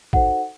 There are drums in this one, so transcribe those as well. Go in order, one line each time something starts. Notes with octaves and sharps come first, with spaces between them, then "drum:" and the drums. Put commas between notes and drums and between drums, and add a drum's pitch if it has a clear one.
D#4 F#4 A4 C5 F#5, drum: kick A1